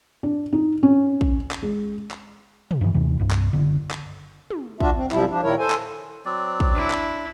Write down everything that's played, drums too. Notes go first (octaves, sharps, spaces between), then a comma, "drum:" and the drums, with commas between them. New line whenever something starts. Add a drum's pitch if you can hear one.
D4
D#4
C#4
drum: kick
drum: clap
G#3
drum: clap
drum: tom
G2 D3 E3
D#2 C3 E3
C2 G2
drum: clap
F#1 D3
drum: clap
drum: tom
D4 F4 F#4 E5, drum: kick
C4
F#2 C3 F3 G3 E4 E5, drum: clap
F3 D4
A#2 D#3 E4 A#4 C#5
A4 C5 G#5
drum: clap
F#3 C4 D5
drum: kick
D4 E4
drum: clap